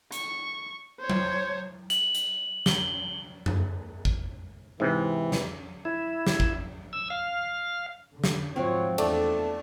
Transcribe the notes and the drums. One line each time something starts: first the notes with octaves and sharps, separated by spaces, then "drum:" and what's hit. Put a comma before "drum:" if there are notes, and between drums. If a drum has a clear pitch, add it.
C#6, drum: hi-hat
C5 C#5
drum: tom F#3
F#7, drum: hi-hat
drum: hi-hat
G7, drum: snare
drum: tom F#2
drum: kick
G#2 C3 E3
drum: snare
E4
drum: snare
drum: kick
E6
F5
D3
drum: snare
G#2 F3 C4 F4 F#4 C#5
E2 A3 D4 A4, drum: cymbal